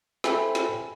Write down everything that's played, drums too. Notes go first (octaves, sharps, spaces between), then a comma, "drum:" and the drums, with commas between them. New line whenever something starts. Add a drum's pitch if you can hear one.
A4 C5 E5 G5 G#5 B5, drum: snare
drum: snare